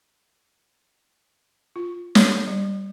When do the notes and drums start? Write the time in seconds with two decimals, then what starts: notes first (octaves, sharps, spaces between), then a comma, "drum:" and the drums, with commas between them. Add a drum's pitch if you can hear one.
1.76 F4
2.15 C#5, drum: snare
2.48 G3